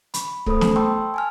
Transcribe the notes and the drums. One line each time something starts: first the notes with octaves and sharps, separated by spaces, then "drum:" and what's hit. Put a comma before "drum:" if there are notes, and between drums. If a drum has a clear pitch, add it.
B5 C#6, drum: hi-hat
A3 A4 C5 B5 D#6, drum: kick
drum: snare
G5 A5 C6 C#6 E6
G#5 A5 F6